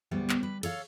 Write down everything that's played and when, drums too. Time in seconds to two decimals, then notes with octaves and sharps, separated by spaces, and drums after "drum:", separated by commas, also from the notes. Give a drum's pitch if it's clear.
0.11 D2 G#2 G3 B3
0.30 drum: clap
0.43 B4
0.63 A4 C#5 F5, drum: cymbal